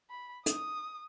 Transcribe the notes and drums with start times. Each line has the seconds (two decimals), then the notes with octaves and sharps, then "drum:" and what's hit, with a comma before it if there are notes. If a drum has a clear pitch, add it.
0.10 B5
0.46 D#6, drum: hi-hat